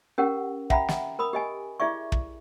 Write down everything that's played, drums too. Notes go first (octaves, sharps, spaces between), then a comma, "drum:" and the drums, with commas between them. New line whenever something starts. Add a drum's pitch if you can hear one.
C#4 G4 A#4 F#5
E5 F#5 G5 A#5 B5, drum: kick
drum: snare
A#4 B5 D#6
G4 D#5 G#5
E4 G#4 D5 E5 C#6
drum: kick